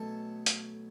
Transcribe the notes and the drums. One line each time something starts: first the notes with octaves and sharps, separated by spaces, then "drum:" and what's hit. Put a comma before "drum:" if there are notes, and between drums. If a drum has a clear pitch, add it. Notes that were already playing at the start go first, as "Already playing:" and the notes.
Already playing: B2 F#3 A3 C#4 A4
drum: hi-hat